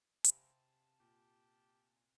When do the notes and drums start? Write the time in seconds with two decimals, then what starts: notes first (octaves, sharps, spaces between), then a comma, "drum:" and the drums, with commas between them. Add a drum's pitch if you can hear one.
0.24 C3 C4 F5 G#5 A5 B5, drum: hi-hat
1.00 A#2 G4